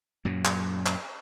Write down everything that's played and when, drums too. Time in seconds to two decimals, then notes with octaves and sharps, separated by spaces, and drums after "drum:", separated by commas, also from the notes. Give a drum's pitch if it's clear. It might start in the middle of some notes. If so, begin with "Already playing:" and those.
0.25 F#2 A#2 F#3
0.45 drum: clap
0.86 drum: clap